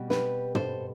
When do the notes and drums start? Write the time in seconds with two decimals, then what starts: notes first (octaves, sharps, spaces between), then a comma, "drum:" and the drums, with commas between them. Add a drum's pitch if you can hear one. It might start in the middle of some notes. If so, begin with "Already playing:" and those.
Already playing: B2 G3 C4
0.10 G4 B4, drum: snare
0.55 A4 C5, drum: tom